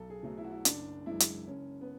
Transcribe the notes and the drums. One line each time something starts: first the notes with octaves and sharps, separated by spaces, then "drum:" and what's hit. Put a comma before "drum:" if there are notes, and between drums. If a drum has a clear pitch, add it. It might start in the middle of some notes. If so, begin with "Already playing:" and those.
Already playing: B1 A4
G#4
B2 F#3 A3
E4
F#4
E4
F#1 D4, drum: hi-hat
F#2 E3 G#3 E4
drum: hi-hat
F#1 C#4
B3